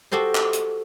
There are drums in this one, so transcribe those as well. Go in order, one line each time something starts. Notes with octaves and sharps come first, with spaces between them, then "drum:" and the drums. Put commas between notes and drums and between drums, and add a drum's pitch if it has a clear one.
F#4 G4 A4 C5 D#5
drum: clap
drum: hi-hat